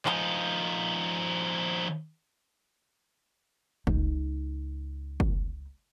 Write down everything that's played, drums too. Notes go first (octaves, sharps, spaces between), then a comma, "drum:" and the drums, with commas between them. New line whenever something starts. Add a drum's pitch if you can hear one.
F3 D#4, drum: clap
C#2 D#4, drum: kick
drum: kick